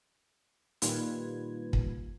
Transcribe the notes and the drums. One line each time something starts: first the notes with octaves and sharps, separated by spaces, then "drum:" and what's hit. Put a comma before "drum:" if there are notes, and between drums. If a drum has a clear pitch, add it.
A#2 D#3 G3 F4 B4 G#6, drum: hi-hat
drum: kick